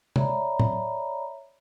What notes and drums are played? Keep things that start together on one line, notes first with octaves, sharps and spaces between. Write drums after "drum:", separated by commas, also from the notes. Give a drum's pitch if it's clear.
C#5 D5 E5 A#5 B5, drum: tom C3
drum: tom A2